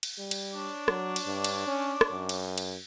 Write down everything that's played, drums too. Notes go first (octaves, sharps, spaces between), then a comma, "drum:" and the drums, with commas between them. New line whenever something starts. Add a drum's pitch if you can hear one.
drum: cymbal
G3
drum: cymbal
D4 C#5 D6
F#3, drum: rim click
drum: cymbal
G2
drum: cymbal
C#4
drum: rim click
F#2
drum: cymbal
drum: cymbal